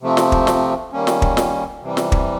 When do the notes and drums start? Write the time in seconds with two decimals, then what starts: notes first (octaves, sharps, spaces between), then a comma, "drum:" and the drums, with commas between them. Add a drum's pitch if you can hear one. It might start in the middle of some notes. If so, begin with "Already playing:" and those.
0.01 C3 F3 A3 C4
0.17 drum: snare
0.32 drum: kick
0.47 drum: snare
0.93 D#3 G3 A#3 C#4
1.07 drum: snare
1.22 drum: kick
1.37 drum: snare
1.82 C3 E3 G3
1.97 drum: snare
2.12 drum: kick